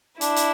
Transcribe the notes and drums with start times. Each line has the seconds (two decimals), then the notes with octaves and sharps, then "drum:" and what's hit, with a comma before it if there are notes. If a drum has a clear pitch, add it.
0.21 D4 E4, drum: hi-hat
0.36 drum: hi-hat